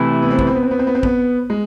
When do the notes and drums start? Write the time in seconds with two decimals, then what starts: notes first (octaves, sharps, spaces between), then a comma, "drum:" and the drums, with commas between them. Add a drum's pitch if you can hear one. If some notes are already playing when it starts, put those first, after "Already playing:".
Already playing: C3 E3 A3 E4
0.22 B3
0.30 C4
0.39 B3, drum: kick
0.47 C4
0.55 B3
0.63 C4
0.71 B3
0.79 C4
0.87 B3
0.95 C4
1.03 B3, drum: kick
1.50 G#3